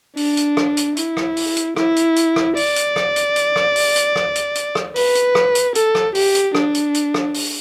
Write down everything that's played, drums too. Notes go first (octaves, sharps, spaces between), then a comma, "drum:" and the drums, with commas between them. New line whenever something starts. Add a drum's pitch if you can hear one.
D4, drum: open hi-hat
drum: hi-hat
drum: rim click
drum: hi-hat
E4, drum: hi-hat
drum: rim click
drum: open hi-hat
drum: hi-hat
E4, drum: rim click
drum: hi-hat
drum: hi-hat
drum: rim click
D5, drum: open hi-hat
drum: hi-hat
drum: rim click
drum: hi-hat
drum: hi-hat
drum: rim click
drum: open hi-hat
drum: hi-hat
drum: rim click
drum: hi-hat
drum: hi-hat
drum: rim click
B4, drum: open hi-hat
drum: hi-hat
drum: rim click
drum: hi-hat
A4, drum: hi-hat
drum: rim click
G4, drum: open hi-hat
drum: hi-hat
D4, drum: rim click
drum: hi-hat
drum: hi-hat
drum: rim click
drum: open hi-hat